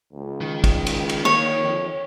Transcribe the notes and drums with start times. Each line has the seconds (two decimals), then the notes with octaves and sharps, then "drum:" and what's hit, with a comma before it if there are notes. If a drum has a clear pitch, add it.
0.13 C#2
0.41 D#3
0.64 drum: kick, cymbal
0.87 drum: cymbal
1.09 drum: cymbal
1.25 A#3 C#5
1.60 F2